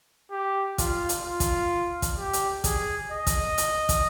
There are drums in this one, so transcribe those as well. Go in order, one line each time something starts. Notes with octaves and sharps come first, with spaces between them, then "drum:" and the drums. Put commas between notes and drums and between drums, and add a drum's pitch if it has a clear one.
G4
F4, drum: kick, hi-hat
drum: hi-hat
F4
drum: kick, hi-hat
drum: kick, hi-hat
G4
drum: hi-hat
G#4, drum: kick, hi-hat
D#5
drum: kick, hi-hat
drum: hi-hat
drum: kick, hi-hat